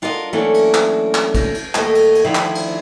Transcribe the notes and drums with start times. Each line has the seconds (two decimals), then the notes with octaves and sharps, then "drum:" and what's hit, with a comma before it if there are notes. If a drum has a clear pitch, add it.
0.02 D4 F4 F#4 A#4 C5 D#5
0.33 E3 F#3 A3 A#3 C#4 D4
0.54 drum: cymbal
0.74 drum: clap
1.14 drum: clap
1.35 drum: kick, cymbal
1.55 drum: cymbal
1.75 D#2 A3 D#5, drum: clap
1.95 drum: cymbal
2.15 drum: cymbal
2.24 D2 D3 D#3 F3 E4
2.35 drum: clap
2.55 drum: cymbal